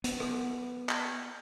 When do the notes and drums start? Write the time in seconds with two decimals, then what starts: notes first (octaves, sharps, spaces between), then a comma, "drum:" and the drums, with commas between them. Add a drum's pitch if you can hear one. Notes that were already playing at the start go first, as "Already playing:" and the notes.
0.04 B3, drum: hi-hat
0.20 drum: rim click
0.89 drum: clap